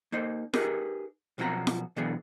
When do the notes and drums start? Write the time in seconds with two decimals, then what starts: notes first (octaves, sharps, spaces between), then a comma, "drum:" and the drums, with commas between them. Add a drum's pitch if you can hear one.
0.12 A#3 D#4 C5
0.53 D#4 G4 G#4 A#4 B4, drum: snare
1.38 B1 B2 F3 C4 F#4 A#5
1.67 drum: snare
1.96 B2 D3 E3 F#3 B3 G#4